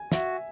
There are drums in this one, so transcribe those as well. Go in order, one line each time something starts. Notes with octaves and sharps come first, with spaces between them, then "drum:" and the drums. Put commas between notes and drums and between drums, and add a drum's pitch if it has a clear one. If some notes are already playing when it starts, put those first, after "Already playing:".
Already playing: G#5
F#4 E5, drum: snare